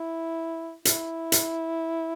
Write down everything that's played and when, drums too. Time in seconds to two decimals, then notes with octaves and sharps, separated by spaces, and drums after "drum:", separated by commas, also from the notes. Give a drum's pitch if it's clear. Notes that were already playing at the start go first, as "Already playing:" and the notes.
Already playing: E4
0.85 E4, drum: hi-hat
1.32 drum: hi-hat